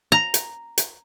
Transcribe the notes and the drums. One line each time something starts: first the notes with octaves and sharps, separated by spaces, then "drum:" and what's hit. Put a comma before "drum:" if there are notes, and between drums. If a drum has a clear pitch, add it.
A#5
drum: hi-hat
drum: hi-hat